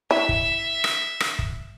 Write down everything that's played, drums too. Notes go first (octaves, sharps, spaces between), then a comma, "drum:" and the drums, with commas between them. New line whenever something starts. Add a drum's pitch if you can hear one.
E4 E5
drum: kick
drum: rim click
drum: rim click
drum: kick